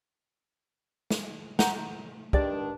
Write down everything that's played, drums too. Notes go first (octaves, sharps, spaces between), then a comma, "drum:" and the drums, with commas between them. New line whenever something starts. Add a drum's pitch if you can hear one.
drum: snare
F#5 A#5 G6, drum: snare
G2 D#3 G#3 D4 G4 D5, drum: kick